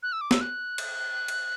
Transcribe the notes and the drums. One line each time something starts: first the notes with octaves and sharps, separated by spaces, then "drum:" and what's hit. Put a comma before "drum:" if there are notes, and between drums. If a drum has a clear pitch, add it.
F#6
E6
D6
E6, drum: snare
F#6
drum: cymbal
drum: cymbal